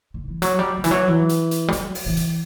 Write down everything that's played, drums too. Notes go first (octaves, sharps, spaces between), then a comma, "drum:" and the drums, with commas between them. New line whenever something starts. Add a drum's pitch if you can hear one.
D3
E3
F#3, drum: hi-hat
G3
D3
E3, drum: hi-hat
F#3
E3
drum: hi-hat
drum: hi-hat
G3
F#3, drum: hi-hat
drum: open hi-hat
E3
drum: hi-hat